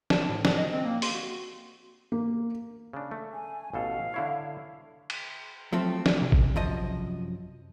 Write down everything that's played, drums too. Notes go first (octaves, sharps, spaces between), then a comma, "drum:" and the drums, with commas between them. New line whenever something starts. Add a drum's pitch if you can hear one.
A5, drum: snare
A2
D4, drum: snare
D#5
C4
A#3
C6, drum: open hi-hat
F#4
A#3
C#3 D4
A3
G#5
A1 B2 A4 F5
D3 E4 C#5
drum: cymbal
F3 F#3 A3 C4
drum: snare
C3
drum: kick A1
F#2 F3 D#5